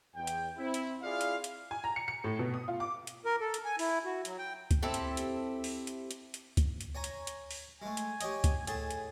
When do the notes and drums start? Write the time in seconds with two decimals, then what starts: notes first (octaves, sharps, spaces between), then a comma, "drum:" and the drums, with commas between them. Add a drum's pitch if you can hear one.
0.16 E2 G5
0.27 drum: hi-hat
0.58 C4 E4
0.74 drum: hi-hat
1.02 E4 F4 G#4 D5 F5
1.21 drum: hi-hat
1.44 drum: hi-hat
1.71 G#5
1.84 A#5
1.96 C#7
2.08 C#7
2.24 A2
2.39 B2
2.54 D#6
2.68 F4
2.80 D6
3.07 drum: hi-hat
3.25 A#4
3.40 A4
3.54 drum: hi-hat
3.65 G#5
3.79 E4, drum: open hi-hat
4.05 F#4
4.25 F#3, drum: hi-hat
4.38 G5
4.71 drum: kick C#2, hi-hat
4.82 C4 E4 G4 A4
4.94 drum: hi-hat
5.17 drum: hi-hat
5.64 drum: open hi-hat
5.87 drum: hi-hat
6.11 drum: hi-hat
6.34 drum: hi-hat
6.57 drum: kick C#2, hi-hat
6.81 drum: hi-hat
6.95 C#5 G#5 A#5
7.04 drum: hi-hat
7.27 drum: hi-hat
7.51 drum: open hi-hat
7.82 G#3 A3 G#5
7.97 drum: hi-hat
8.21 G4 C#5 D#5, drum: hi-hat
8.44 drum: kick C#2, hi-hat
8.67 A2 G#4 G#5 A5, drum: hi-hat
8.91 drum: hi-hat